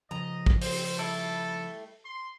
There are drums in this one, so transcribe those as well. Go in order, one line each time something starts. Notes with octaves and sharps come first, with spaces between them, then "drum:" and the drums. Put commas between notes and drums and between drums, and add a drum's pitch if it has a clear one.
C#3 F3 D#5 A#5
drum: kick
C4 C5, drum: open hi-hat
G3 A3 E4 A4
C6